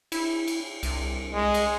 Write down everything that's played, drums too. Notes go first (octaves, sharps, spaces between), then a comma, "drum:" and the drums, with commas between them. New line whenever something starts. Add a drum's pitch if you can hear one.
E4, drum: cymbal
drum: cymbal
C2, drum: cymbal
G#3
drum: cymbal